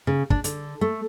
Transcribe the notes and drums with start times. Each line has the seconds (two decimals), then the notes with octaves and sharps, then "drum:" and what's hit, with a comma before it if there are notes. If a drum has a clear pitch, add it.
0.07 C#3
0.30 D4, drum: kick
0.44 D3, drum: hi-hat
0.81 A3